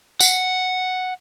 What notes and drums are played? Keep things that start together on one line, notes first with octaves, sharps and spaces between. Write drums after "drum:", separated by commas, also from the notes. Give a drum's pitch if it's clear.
F#5, drum: tambourine